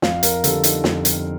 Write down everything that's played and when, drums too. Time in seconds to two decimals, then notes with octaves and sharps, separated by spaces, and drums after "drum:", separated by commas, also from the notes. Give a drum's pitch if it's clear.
0.02 F2 F5, drum: snare
0.23 A#4, drum: hi-hat
0.44 D3 G3 A4, drum: hi-hat
0.64 D#4, drum: hi-hat
0.84 F2, drum: snare
1.05 drum: hi-hat